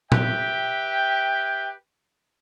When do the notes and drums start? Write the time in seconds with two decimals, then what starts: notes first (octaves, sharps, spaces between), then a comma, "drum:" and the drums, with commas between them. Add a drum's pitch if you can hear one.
0.12 G4 B4 E5 G5, drum: tom A#2